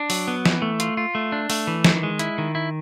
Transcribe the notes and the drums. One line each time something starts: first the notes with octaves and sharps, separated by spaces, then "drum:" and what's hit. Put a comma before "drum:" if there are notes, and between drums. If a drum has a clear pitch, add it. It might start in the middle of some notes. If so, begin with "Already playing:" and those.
Already playing: D4
F#3, drum: open hi-hat
B3
E3, drum: snare
A3
F4, drum: hi-hat
F4
A3
D4
A3, drum: open hi-hat
E3
D#3, drum: snare
G#3
E4, drum: hi-hat
D#3
E4